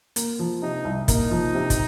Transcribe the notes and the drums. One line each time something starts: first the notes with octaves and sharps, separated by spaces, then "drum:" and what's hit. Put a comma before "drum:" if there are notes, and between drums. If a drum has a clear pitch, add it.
A#3, drum: hi-hat
F3
C3 D#4
C2
A#3 D#4, drum: kick, hi-hat
F3
C3
drum: kick, hi-hat